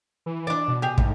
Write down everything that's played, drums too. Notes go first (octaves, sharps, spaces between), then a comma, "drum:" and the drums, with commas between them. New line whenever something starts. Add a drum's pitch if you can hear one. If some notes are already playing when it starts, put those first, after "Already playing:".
E3
D4 D5
B2
G4 G#4
D2 G#2, drum: kick